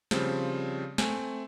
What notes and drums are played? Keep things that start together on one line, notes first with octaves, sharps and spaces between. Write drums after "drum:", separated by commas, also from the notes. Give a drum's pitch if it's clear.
C#3 F3 G3 C4, drum: snare
A3 C4 G#5, drum: snare